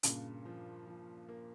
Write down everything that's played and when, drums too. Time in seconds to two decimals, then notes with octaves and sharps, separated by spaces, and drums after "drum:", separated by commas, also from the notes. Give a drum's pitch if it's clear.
0.03 G2 A#2 C#3, drum: hi-hat
0.45 F3
0.87 F3
1.29 A#3